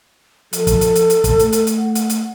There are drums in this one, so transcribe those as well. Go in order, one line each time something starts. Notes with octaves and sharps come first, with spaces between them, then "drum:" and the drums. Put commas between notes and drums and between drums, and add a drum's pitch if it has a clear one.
F3 A4, drum: hi-hat
drum: kick, hi-hat
drum: hi-hat
drum: hi-hat
drum: hi-hat
drum: kick, hi-hat
A3, drum: hi-hat
drum: hi-hat
drum: hi-hat
F#5
drum: hi-hat
drum: hi-hat